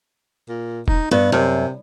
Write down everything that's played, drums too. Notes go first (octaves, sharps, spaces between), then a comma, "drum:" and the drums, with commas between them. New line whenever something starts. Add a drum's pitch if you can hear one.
A#2
D#4, drum: kick E1
G2 B3
F#2 C3